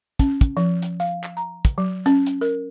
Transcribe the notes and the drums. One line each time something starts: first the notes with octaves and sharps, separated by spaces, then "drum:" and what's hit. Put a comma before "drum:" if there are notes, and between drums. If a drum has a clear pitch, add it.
C#4, drum: kick, hi-hat
drum: kick, hi-hat
F3
drum: hi-hat
F5
drum: clap
A#5
drum: kick, hi-hat
F#3
C#4, drum: hi-hat
drum: hi-hat
A#4